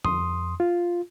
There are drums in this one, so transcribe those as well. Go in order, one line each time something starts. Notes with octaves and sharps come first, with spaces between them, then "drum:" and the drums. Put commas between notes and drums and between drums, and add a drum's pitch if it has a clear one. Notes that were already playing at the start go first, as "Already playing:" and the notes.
F2 C6 D#6, drum: tom F2
F4